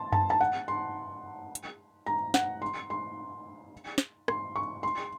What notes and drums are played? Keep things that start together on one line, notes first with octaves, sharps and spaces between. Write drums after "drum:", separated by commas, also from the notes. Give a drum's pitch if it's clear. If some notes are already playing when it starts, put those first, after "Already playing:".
Already playing: A5 C6
A5, drum: tom F#2
A5
F#5
C6
drum: hi-hat
A#5
F#5, drum: snare
C6
C6
drum: snare
C6, drum: rim click
C#6
C6